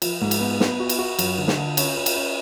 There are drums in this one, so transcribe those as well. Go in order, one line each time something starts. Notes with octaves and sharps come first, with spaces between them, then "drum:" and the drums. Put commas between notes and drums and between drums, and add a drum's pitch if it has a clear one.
F3, drum: cymbal
G#2
drum: cymbal
B3
B3, drum: snare
F#4
drum: cymbal
F#4
F#2, drum: cymbal
D3
drum: snare
D3
C#4, drum: cymbal
C#4
drum: cymbal
C#4